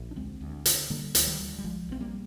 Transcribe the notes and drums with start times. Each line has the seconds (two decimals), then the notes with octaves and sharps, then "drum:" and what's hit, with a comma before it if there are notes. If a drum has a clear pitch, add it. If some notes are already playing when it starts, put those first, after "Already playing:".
Already playing: A#1
0.11 D4
0.16 D2 G#3 C4
0.41 D2
0.66 D3, drum: hi-hat
0.90 D3 G3 A#3
1.15 D2, drum: hi-hat
1.27 D#3 G3
1.39 D2
1.59 G3
1.64 A#1 F3 G#3
1.89 A#1 C4
2.00 G3 A#3